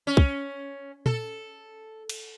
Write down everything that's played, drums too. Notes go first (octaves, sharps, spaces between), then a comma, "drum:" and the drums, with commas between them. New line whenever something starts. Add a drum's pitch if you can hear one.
C#4
drum: kick
A4, drum: tom
drum: cymbal